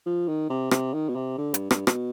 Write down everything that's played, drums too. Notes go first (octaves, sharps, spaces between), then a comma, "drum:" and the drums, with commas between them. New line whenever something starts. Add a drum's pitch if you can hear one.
F3
D#3
C3
C3, drum: rim click
D#3
B2
C3
D3
G2, drum: hi-hat
G2, drum: rim click
B2, drum: rim click